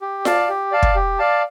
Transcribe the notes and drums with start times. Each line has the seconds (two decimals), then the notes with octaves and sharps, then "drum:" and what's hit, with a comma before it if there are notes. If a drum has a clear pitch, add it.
0.01 G4
0.25 D5 F5 A5, drum: snare F4
0.49 G4
0.72 D5 F5 A5
0.83 drum: kick
0.95 G4
1.19 D5 F5 A5